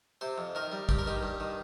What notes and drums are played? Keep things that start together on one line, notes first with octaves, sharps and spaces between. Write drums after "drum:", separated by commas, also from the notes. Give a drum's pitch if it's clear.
C3 C5
F2
D#3 A#4
G3
G2 G4, drum: kick
A#4
D#3 G4
G2
D#3